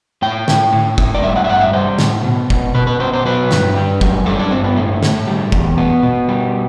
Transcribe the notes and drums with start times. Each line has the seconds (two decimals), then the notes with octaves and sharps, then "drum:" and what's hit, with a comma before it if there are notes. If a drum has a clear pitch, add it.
0.22 A2 G5
0.48 A2, drum: snare
0.73 A2
0.98 A2, drum: kick
1.14 D5
1.23 G3 E5
1.36 F#5
1.44 E5
1.49 G2 F#5
1.61 E5
1.73 G3 C5
1.99 A2, drum: snare
2.24 B2
2.50 B2, drum: kick
2.75 B2 B4
2.87 B4
3.00 B2 C5
3.13 C5
3.25 F#3 B4
3.51 G2, drum: snare
3.76 G3
4.01 F#2, drum: kick
4.26 G3 A4
4.39 D4
4.51 G2 C4
4.64 B3
4.76 A2 A3
5.03 A2, drum: snare
5.27 G3
5.52 E2, drum: kick
5.77 B2 B3
6.03 B2
6.29 G3